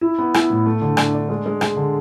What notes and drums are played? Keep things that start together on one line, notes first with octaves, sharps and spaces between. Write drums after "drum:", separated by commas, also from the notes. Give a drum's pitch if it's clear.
E4
B3
E4, drum: rim click
A2
A3
D3
D4, drum: rim click
D4
G#3
G#3
G#3, drum: rim click
D3